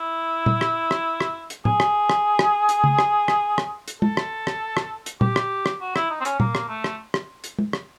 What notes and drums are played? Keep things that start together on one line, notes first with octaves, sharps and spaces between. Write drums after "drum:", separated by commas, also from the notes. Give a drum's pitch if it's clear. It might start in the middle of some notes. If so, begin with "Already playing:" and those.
Already playing: E4
drum: tom A#2
drum: rim click
drum: rim click
drum: rim click
drum: hi-hat
G#4, drum: tom A2
drum: rim click
drum: rim click
drum: rim click
drum: hi-hat
drum: tom C#3
drum: rim click
drum: rim click
drum: rim click
drum: hi-hat
A4, drum: tom
drum: rim click
drum: rim click
drum: rim click
drum: hi-hat
G4, drum: tom A#2
drum: rim click
drum: rim click
F#4
E4, drum: rim click
D#4
C4
C#4, drum: hi-hat
A#3, drum: tom A#2
drum: rim click
A3
drum: rim click
drum: rim click
drum: hi-hat
drum: tom
drum: rim click